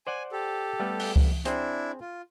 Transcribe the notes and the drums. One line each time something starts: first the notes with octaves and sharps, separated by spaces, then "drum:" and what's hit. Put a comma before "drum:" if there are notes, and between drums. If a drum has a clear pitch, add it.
C5 D5 F#5 G#5
G4 A4
G3 A3 B3
drum: open hi-hat
drum: kick C#2
C4 D4 E4 G#4 C5, drum: hi-hat
F4